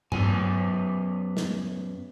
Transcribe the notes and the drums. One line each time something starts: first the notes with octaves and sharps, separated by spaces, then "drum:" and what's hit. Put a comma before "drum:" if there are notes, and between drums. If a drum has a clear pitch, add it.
F#2 B3 G#5, drum: tom G2
drum: snare